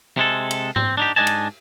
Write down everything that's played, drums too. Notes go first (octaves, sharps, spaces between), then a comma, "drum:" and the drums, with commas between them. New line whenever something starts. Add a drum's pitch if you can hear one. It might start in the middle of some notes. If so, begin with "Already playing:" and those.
C3 G#3 A4
drum: cymbal
C4, drum: tom G#2
D4 D#4 G4
G#2 D4 D5 D#5 G#5 A5
drum: cymbal